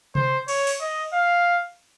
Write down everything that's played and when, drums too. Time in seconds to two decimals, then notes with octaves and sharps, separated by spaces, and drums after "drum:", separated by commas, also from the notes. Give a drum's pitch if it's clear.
0.15 C5, drum: tom C3
0.48 C#5, drum: cymbal
0.67 drum: open hi-hat
0.81 D#5
1.13 F5